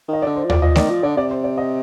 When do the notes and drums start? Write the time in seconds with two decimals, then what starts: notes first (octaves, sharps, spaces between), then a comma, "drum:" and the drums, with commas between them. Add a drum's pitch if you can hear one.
0.08 D#3 D#5
0.22 D5
0.26 D3
0.36 C5
0.44 F3
0.49 D5, drum: tom D#2
0.62 F3 D#5
0.76 D#3 D5, drum: snare A3
0.90 F3
1.03 D3 D5
1.17 C3 D5
1.31 C5
1.44 D5
1.58 D#5